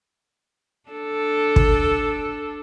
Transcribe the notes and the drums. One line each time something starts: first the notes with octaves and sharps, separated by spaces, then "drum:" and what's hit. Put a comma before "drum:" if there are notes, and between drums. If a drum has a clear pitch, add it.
D4 A4
drum: kick